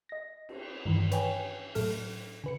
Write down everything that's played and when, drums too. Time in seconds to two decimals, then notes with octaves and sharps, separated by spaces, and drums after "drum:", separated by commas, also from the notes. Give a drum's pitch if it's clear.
0.09 D#5 A#6
0.49 drum: cymbal
0.86 G2 D#3 E3
1.11 B4 C#5 G5 G#5, drum: hi-hat
1.75 A2 F#3 A4 F6, drum: open hi-hat
2.44 C#3 B4 C#7